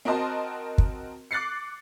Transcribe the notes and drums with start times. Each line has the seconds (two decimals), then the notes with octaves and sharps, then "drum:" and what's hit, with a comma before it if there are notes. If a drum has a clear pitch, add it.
0.05 C4 F#4 A#4 D#5 A5 C6
0.78 drum: kick
1.31 D6 F#6 A6 C7 C#7